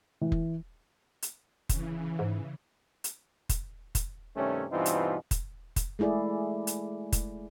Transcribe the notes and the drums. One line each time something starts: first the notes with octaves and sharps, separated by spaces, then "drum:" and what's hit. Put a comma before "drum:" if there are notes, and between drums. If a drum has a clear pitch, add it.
E3
drum: kick F1
drum: hi-hat
C#3 E3, drum: kick F1, hi-hat
G#2
drum: hi-hat
drum: kick F1, hi-hat
drum: kick F1, hi-hat
G2 C3 D#3 A3 C#4
G2 B2 E3 C4 D#4 F4
drum: hi-hat
drum: kick F1, hi-hat
drum: kick F1, hi-hat
G#3 A3 E4 G#4 D5
drum: hi-hat
drum: kick F1, hi-hat